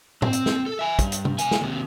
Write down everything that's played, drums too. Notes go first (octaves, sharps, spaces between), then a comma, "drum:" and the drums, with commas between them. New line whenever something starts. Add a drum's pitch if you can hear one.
C4, drum: tom
drum: hi-hat
drum: snare
A4
E5 G#5
G2, drum: kick, hi-hat
drum: hi-hat
drum: tom C3
B3 G#5, drum: hi-hat
drum: snare
D#2 C3